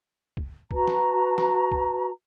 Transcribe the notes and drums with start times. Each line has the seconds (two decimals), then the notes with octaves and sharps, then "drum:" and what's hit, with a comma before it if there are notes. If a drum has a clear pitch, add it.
0.37 drum: kick
0.71 F#4 B4 A5 A#5, drum: kick
0.87 drum: snare
1.38 drum: snare
1.72 drum: kick